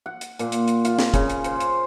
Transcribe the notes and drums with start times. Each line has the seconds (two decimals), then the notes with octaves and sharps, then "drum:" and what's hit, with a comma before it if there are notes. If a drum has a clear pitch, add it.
0.06 F#5
0.21 drum: hi-hat
0.39 A#2, drum: hi-hat
0.52 drum: hi-hat
0.68 drum: hi-hat
0.85 F4, drum: hi-hat
0.99 drum: snare
1.14 C#3, drum: kick, hi-hat
1.30 drum: hi-hat
1.44 C5, drum: hi-hat
1.60 drum: hi-hat